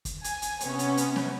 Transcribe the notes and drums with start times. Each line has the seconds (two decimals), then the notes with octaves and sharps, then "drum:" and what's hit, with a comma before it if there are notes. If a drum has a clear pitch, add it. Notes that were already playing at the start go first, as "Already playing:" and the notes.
0.05 drum: kick, hi-hat
0.24 G#5, drum: hi-hat
0.42 drum: hi-hat
0.60 C3 B3 C#4, drum: hi-hat
0.79 drum: hi-hat
0.97 drum: hi-hat
1.16 drum: snare